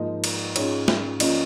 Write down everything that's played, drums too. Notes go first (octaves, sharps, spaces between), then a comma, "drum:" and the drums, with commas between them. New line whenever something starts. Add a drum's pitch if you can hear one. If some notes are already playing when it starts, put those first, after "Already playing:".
Already playing: G#2 F3 A#3 D#4 D#5
drum: cymbal
G#2 G#3 C#4 F4 C#5, drum: cymbal
drum: snare
F3 A#3 C#4 F4 D#5, drum: cymbal